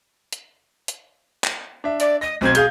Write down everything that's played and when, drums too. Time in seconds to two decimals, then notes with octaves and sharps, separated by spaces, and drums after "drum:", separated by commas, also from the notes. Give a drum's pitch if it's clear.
0.33 drum: hi-hat
0.88 drum: hi-hat
1.44 drum: clap
1.84 D4 E5
2.00 D5, drum: hi-hat
2.21 D#5 A#6
2.41 B1 C4 C5 G#6
2.55 G#4 F5 G6, drum: hi-hat